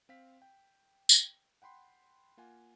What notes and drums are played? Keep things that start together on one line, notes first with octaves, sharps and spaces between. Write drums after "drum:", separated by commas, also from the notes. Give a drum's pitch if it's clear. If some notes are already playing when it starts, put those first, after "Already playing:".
C4 F5 B6
G5
drum: tambourine
F#5 G5 B5 C6
A#3 F4 F#5 G#5